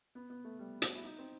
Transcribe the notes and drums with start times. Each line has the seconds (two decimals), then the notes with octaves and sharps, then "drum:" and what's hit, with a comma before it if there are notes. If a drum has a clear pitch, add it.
0.15 B3
0.30 B3
0.44 A3
0.59 G3
0.82 F#4, drum: hi-hat
0.95 E4
1.04 D#4
1.18 C4